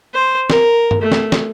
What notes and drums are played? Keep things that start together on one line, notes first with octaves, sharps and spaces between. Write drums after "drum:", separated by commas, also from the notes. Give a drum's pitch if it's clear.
C5
A#4, drum: snare
drum: tom G2
A3
drum: snare
drum: snare